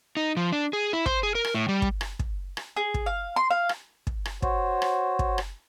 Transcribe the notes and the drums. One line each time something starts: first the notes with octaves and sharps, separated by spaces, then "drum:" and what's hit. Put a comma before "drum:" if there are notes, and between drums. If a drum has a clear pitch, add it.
D#4
F3
D4
G#4
E4
C5, drum: kick
G#4
A#4
drum: rim click
A2
G3
drum: kick
drum: rim click
drum: kick
drum: rim click
G#4
drum: kick
F5
C6
F5
drum: rim click
drum: kick
drum: rim click
F#4 C5 C#5, drum: kick
drum: rim click
drum: kick
drum: rim click